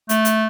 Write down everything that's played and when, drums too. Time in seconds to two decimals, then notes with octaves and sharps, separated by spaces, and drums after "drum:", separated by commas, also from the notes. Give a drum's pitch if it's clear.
0.09 A3, drum: hi-hat
0.25 drum: hi-hat